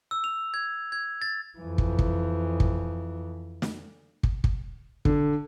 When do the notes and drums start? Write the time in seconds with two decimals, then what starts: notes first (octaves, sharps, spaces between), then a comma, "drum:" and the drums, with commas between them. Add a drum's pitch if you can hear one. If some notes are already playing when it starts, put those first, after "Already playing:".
0.11 E6
0.24 F7
0.54 G#6
0.92 G#6
1.22 A6
1.59 F2 E3
1.78 drum: kick
1.99 drum: kick
2.60 drum: kick
3.62 drum: snare
4.23 drum: kick
4.44 drum: kick
5.05 D3, drum: kick